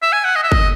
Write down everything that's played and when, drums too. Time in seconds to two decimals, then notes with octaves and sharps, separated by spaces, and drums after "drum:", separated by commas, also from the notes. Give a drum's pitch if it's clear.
0.02 E5
0.12 G#5
0.24 F#5
0.36 D#5
0.43 E5
0.52 D#5, drum: kick G1